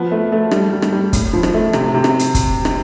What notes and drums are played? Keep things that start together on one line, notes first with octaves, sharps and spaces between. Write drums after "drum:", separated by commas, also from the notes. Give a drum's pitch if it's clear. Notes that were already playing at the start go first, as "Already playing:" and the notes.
Already playing: F3 B3
A3
A3
G3, drum: rim click
G3
drum: rim click
G3
A2, drum: kick, hi-hat
F3
drum: rim click
A3
C3, drum: rim click
C3
drum: rim click
drum: hi-hat
drum: kick, hi-hat
drum: rim click